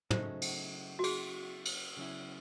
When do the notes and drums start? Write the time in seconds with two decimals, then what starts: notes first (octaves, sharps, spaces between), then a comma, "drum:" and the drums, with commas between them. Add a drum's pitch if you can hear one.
0.10 C#3 F#3 A3 D#4 C5, drum: tom
0.42 drum: cymbal
0.99 F#4
1.04 G#4, drum: cymbal
1.65 drum: cymbal
1.97 C#3 F#3 C#4 E4